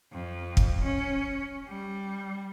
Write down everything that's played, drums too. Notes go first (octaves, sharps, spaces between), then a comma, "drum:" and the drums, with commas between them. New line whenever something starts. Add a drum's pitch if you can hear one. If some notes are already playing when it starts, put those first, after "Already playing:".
F2
drum: kick
C#4
G3